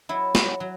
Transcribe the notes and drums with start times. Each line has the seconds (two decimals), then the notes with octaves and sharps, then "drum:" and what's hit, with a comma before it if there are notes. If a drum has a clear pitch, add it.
0.09 F#3 E4
0.35 F#3, drum: snare
0.60 F#3